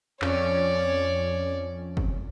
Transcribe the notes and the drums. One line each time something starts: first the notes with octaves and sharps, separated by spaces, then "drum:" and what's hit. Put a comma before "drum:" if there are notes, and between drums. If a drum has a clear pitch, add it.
F2 C#4 C#5 D5, drum: clap
drum: kick